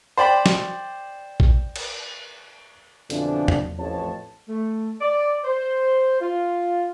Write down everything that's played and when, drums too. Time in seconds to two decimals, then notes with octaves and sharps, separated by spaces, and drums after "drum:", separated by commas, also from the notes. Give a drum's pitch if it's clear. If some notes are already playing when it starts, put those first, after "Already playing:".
0.17 C5 D5 G5 B5
0.46 drum: snare
1.40 drum: kick A#1
1.76 drum: cymbal
3.10 F2 B2 D3 E3 F3 D4, drum: hi-hat
3.48 drum: tom E2
3.79 A1 F2 C#5 A5
4.49 A3
5.01 D5
5.44 C5
6.21 F4